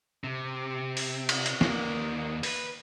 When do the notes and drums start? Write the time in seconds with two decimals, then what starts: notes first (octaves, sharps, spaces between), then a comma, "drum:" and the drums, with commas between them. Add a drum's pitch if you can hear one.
0.24 C3
0.97 drum: open hi-hat
1.29 drum: cymbal
1.46 drum: hi-hat
1.61 D#2 A#3, drum: snare
2.43 B4, drum: open hi-hat